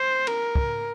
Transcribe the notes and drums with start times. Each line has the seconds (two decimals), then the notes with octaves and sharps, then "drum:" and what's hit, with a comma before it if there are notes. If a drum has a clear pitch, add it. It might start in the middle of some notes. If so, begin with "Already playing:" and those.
Already playing: C5
0.27 A#4, drum: cymbal
0.55 drum: kick